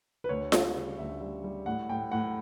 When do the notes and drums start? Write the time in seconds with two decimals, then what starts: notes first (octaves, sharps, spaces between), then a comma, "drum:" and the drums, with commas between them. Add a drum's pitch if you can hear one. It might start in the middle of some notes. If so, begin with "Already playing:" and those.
0.24 B4
0.29 D2 C#5
0.52 G3, drum: snare F4
0.74 C#3
0.98 D2 E5
1.21 G3
1.44 G3
1.66 A2 F#5
1.89 A2 G5
2.12 A2 F#5